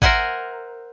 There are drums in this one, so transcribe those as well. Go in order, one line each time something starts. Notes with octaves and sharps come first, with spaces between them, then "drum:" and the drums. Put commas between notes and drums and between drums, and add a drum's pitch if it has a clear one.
A#4 C5 E5 F#5 G#5, drum: kick